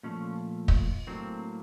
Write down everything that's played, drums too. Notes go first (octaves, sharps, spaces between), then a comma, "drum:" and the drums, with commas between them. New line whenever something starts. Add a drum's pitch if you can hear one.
A#2 F3 A3 C#4
drum: kick
A2 F#3 A#3 C4